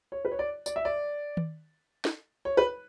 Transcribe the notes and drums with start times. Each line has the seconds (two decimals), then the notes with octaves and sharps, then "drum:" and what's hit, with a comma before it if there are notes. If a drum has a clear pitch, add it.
0.12 C#5
0.25 B4
0.32 C#5
0.39 D5
0.66 D5, drum: tambourine
0.76 E5
0.85 D5
1.37 drum: tom D#3
2.05 drum: snare
2.45 C#5
2.57 B4